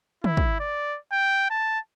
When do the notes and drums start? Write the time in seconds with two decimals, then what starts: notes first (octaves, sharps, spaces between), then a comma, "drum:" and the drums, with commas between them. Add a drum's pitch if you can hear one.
0.24 E4, drum: tom
0.37 drum: kick
0.60 D5
1.12 G5
1.50 A5